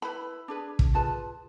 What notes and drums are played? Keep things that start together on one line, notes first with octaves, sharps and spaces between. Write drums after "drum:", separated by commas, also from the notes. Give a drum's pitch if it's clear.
E4 B4 B5
D4 G#4 B4
drum: kick
F4 G#4 B4 A5